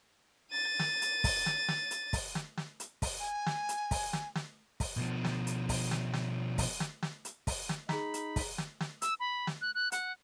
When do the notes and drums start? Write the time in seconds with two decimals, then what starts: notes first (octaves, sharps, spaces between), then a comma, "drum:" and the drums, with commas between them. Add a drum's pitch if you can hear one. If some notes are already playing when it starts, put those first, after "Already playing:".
0.52 A6 D#7
0.79 drum: snare
1.02 drum: hi-hat
1.24 drum: kick, open hi-hat
1.46 drum: snare
1.68 drum: snare
1.91 drum: hi-hat
2.13 drum: kick, open hi-hat
2.35 drum: snare
2.57 drum: snare
2.80 drum: hi-hat
3.02 drum: kick, open hi-hat
3.19 G#5
3.46 drum: snare
3.69 drum: hi-hat
3.91 drum: kick, open hi-hat
4.13 drum: snare
4.35 drum: snare
4.80 drum: kick, open hi-hat
4.97 B2 F3
5.25 drum: snare
5.47 drum: hi-hat
5.69 drum: kick, open hi-hat
5.91 drum: snare
6.14 drum: snare
6.58 drum: kick, open hi-hat
6.80 drum: snare
7.03 drum: snare
7.25 drum: hi-hat
7.47 drum: kick, open hi-hat
7.69 drum: snare
7.89 D#4 G#4 A#5 B5, drum: snare
8.14 drum: hi-hat
8.36 drum: kick, open hi-hat
8.58 drum: snare
8.81 drum: snare
9.02 E6, drum: hi-hat
9.20 B5
9.47 drum: snare
9.61 F#6
9.75 F#6
9.92 F#5, drum: hi-hat